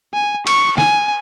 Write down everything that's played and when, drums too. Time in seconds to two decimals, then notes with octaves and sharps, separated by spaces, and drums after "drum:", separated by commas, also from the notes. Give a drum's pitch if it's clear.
0.14 G#5
0.47 C#6, drum: cymbal
0.78 G#5, drum: snare